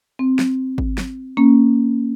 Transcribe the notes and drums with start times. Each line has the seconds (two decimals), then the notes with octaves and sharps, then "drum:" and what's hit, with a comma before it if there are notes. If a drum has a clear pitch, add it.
0.19 C4
0.39 drum: snare
0.78 drum: kick G#1
0.98 drum: snare
1.37 A#3 C#4